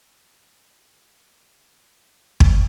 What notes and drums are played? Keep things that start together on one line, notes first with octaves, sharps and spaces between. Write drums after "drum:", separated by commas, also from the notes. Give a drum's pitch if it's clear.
G4
B3 D#5
drum: kick